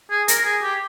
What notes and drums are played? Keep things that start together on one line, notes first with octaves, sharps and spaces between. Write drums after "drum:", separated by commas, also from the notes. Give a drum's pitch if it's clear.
G#4
A#4, drum: hi-hat
G#4
G4